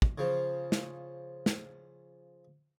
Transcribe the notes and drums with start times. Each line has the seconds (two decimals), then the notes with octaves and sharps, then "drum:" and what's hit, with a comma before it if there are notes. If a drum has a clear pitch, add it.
0.02 drum: kick
0.18 C#3 F3
0.72 drum: snare
1.46 drum: snare